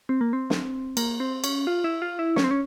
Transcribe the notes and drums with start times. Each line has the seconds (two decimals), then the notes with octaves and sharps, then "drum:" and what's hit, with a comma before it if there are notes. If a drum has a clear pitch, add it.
0.09 C4
0.21 A#3
0.33 C4
0.50 drum: snare
0.97 A#3, drum: cymbal
1.20 C4
1.44 C#4, drum: cymbal
1.67 F4
1.84 E4
2.02 F4
2.19 E4
2.36 C#4, drum: snare
2.44 C4
2.51 C#4